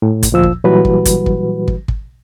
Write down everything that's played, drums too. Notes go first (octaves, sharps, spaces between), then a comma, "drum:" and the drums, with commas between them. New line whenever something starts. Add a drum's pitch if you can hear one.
A2
drum: kick, hi-hat
D2 A#2 F3 E6
drum: kick
A#2 E3 F#3 G3 F#4 B4
drum: kick
drum: kick, hi-hat
drum: kick
drum: kick
drum: kick